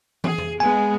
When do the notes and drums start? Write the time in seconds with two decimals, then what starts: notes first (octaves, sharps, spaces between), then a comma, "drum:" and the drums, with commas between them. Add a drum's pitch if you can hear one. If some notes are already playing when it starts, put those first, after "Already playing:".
0.24 G#4, drum: tom
0.38 drum: tom
0.60 G#3 B3 G#5